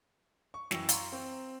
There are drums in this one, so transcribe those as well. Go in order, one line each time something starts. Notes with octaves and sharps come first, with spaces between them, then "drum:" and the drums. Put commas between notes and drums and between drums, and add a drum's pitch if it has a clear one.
C#6
F#2 E3 F#3 G5 E6 A#6, drum: snare
F5 A#5 C6 C#6, drum: hi-hat
C4